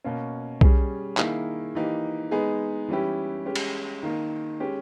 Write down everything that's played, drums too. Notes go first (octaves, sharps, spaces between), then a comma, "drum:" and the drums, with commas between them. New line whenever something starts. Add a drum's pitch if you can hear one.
B2 A#3 C#4
G3 C#4 G#4, drum: kick B1
D#3 A#3 E4 G#4, drum: clap
E3 A#3 D#4 G4
G#3 B3 D#4 G#4
E3 G3 C#4 E4 G4
G#3 C#4 G4
drum: cymbal
D#3 A#3 D#4
G#3 C#4 G4